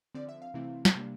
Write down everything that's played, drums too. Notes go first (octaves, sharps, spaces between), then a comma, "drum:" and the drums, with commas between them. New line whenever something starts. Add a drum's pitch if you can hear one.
D3 F3 C4 D5
E5
F5
C3 E3 A3 C4 E4
drum: snare
C3 G3 A#3 D4